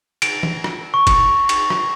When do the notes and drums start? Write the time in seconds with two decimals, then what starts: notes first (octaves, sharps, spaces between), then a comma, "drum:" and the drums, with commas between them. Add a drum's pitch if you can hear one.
0.22 D7, drum: cymbal
0.43 drum: tom
0.64 drum: rim click
0.94 C#6
1.07 drum: kick, cymbal
1.49 drum: cymbal
1.70 drum: rim click